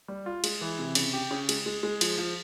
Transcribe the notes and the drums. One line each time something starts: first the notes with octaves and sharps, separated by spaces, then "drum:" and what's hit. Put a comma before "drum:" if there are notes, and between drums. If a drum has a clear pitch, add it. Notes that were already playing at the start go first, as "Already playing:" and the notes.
G3
F4
G#3, drum: cymbal
E3
C3
C#3, drum: cymbal
G4
C#3
G#3, drum: cymbal
G#3
G#3
F3, drum: cymbal
F3